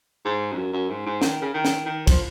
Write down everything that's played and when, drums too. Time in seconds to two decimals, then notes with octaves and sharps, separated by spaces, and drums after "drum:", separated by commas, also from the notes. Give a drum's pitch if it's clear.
0.25 G#2
0.53 F2
0.58 F#2
0.73 F#2
0.90 G#2
1.06 G#2
1.22 D#3, drum: snare
1.42 C#3
1.54 D#3
1.65 drum: snare
1.86 D#3
2.07 F3, drum: kick, cymbal